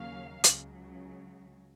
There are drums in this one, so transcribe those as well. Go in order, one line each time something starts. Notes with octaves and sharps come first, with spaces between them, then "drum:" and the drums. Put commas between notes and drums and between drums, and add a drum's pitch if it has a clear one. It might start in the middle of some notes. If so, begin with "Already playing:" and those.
Already playing: D#2 C#3 F#3 A#3 C#4 F5
C#2 C#3 F#3, drum: hi-hat